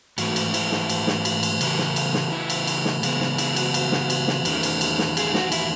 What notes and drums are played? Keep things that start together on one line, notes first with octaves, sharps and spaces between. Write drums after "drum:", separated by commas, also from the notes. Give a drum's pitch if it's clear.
G#2 E3 A3 F#4, drum: cymbal
drum: cymbal
E4, drum: cymbal
drum: snare
drum: cymbal
drum: snare
drum: cymbal
drum: cymbal
C#3 E3 A3, drum: cymbal
drum: snare
drum: cymbal
drum: snare
E4
drum: cymbal
drum: cymbal
drum: snare
C#3 E3 G#3 B3, drum: cymbal
drum: snare
E4, drum: cymbal
F#4, drum: cymbal
drum: cymbal
drum: snare
drum: cymbal
drum: snare
E2 D#3 A3 C#4, drum: cymbal
drum: cymbal
drum: cymbal
drum: snare
G#4, drum: cymbal
F#4, drum: snare
E4, drum: cymbal